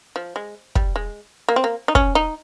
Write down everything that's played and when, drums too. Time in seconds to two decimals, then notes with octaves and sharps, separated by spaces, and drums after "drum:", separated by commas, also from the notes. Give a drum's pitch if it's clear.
0.16 F3
0.36 G#3
0.75 G3, drum: kick
0.96 G#3
1.49 A#3
1.56 C4
1.64 A#3
1.88 D#4
1.95 C#4, drum: kick
2.15 D#4